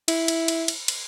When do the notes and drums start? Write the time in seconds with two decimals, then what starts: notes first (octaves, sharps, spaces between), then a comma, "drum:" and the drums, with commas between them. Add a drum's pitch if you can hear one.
0.08 E4, drum: cymbal
0.28 drum: cymbal
0.48 drum: cymbal
0.68 drum: cymbal
0.88 drum: cymbal